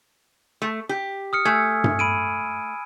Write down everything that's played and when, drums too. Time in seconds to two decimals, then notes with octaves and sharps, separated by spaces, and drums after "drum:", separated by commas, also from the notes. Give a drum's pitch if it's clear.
0.62 A3
0.89 G4
1.33 D#6 F6 C#7
1.45 A3 G#5 E6 G#6
1.84 drum: tom G2
1.99 B5 D7 D#7